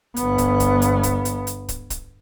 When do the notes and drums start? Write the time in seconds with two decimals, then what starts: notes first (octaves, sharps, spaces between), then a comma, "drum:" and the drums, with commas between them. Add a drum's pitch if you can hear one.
0.16 G1 B3, drum: hi-hat
0.38 drum: kick, hi-hat
0.60 drum: kick, hi-hat
0.82 drum: hi-hat
1.03 drum: kick, hi-hat
1.25 drum: hi-hat
1.47 drum: hi-hat
1.69 drum: kick, hi-hat
1.90 drum: kick, hi-hat